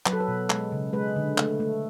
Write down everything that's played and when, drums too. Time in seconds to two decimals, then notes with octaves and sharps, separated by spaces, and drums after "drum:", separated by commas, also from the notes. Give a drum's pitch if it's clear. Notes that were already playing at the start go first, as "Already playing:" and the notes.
0.06 F#3 B4, drum: clap
0.13 A4
0.20 B4
0.28 B2
0.50 G#3, drum: clap
0.72 C#3
0.93 G#3 B4
1.16 D3
1.38 A3, drum: clap
1.60 A3